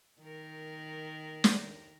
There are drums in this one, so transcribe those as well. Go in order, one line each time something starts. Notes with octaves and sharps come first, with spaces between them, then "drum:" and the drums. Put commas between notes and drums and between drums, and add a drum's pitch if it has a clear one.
D#3 A#4
drum: snare